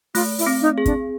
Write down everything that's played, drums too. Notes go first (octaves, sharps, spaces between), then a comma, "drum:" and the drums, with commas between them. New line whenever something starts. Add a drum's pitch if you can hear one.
A3 F4, drum: open hi-hat
E4, drum: open hi-hat
C4
D#4
G#4
D4, drum: kick, hi-hat